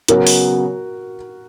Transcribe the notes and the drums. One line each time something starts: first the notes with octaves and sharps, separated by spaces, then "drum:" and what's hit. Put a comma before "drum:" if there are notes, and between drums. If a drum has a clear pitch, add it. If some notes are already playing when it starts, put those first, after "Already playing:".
C#3 F#3 B3 F#4 A#4, drum: hi-hat
drum: open hi-hat